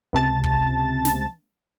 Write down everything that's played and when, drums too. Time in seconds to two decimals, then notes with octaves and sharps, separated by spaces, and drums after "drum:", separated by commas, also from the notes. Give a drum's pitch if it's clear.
0.13 C#2 C3 A5 A6
0.44 drum: kick
1.05 drum: snare